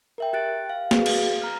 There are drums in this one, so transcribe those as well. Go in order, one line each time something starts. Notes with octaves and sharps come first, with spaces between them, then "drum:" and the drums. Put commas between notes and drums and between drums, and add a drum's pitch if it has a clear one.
A#4 E5 G5
G4 F#6 A6 D7
F5
F#4 G#4 B4 F5, drum: snare
drum: cymbal
A#5 F6